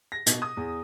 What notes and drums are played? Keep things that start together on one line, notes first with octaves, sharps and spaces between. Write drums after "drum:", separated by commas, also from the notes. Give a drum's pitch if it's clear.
A#6
B2, drum: hi-hat
D#6
E2